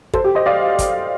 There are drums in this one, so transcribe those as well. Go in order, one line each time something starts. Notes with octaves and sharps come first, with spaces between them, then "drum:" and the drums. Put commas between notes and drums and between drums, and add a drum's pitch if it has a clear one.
A4 C5, drum: kick
G4
C5 D#5
D5 F5
drum: kick, hi-hat